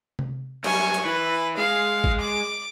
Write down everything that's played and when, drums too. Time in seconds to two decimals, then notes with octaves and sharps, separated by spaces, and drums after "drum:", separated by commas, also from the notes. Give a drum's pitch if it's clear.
0.19 drum: tom C3
0.64 F#2 G3 G#5 C#6, drum: cymbal
0.94 drum: hi-hat
1.05 E3 B4
1.57 G#3 F5
2.04 drum: kick
2.21 D6